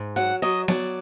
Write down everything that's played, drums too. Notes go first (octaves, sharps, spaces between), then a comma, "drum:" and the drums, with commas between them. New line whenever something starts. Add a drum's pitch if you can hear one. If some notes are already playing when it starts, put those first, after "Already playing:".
Already playing: G#2
F#3 F#5
F#3 D#5
F#3 D5, drum: snare B3